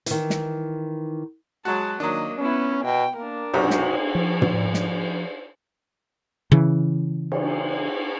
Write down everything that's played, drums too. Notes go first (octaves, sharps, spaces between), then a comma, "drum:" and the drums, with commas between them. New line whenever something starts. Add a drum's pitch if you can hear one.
D#3 E3, drum: hi-hat
drum: snare
F#3 G#3 F#4 A5
D#3 F#3 A#3 D4 D#5
B3 C#4 E4
B2 G5
A#3 D4 A#4
B1 F#2 C3 F#4, drum: cymbal
drum: snare
F3
drum: tom
drum: snare
C#3 E3
drum: cymbal